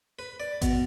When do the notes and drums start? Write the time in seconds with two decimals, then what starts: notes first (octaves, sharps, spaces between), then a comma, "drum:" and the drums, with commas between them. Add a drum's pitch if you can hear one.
0.19 B4
0.40 D5
0.62 B2, drum: kick G#1, hi-hat